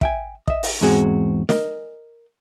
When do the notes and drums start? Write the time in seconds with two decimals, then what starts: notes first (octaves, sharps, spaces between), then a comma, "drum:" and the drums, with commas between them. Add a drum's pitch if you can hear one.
0.01 E5 G5 G#5, drum: kick
0.48 D#5 E5, drum: kick
0.63 drum: open hi-hat
0.81 E2 G#2 G#3 C4 F#4 G#4
1.49 A#4 D#5, drum: snare